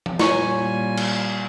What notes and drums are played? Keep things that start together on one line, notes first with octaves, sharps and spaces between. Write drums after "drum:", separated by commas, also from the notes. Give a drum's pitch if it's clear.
drum: tom F3
A#2 G3 E4 F4 C#5 G#5 C#6, drum: snare
drum: cymbal